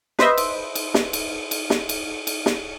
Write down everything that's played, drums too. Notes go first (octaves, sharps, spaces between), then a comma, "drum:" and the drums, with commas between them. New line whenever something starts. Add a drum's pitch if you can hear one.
B4 C5 D#5 E5, drum: snare
drum: cymbal
drum: cymbal
drum: snare
drum: cymbal
drum: cymbal
drum: snare
drum: cymbal
drum: cymbal
drum: snare